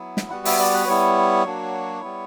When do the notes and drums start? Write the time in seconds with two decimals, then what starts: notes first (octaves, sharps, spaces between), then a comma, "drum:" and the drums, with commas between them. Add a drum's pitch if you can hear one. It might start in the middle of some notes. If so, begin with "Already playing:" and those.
Already playing: F#3 B3 E4
0.17 drum: snare
0.30 G3 B3 F#4 F#5
0.45 E5, drum: open hi-hat
0.59 D5
0.74 B4
0.87 G3 B3 E4 C#5
1.45 F#3 A#3 D4 F#4
2.01 G3 B3 E4